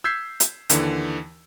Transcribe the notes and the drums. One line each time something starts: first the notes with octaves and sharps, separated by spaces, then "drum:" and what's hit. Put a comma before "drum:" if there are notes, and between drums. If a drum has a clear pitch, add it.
E6 G6 G#6 B6 C7
drum: hi-hat
D#2 D3 E3, drum: hi-hat